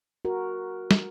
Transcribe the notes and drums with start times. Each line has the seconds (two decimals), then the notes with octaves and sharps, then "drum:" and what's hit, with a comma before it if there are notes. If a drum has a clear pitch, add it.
0.25 F#4 A#4
0.91 drum: snare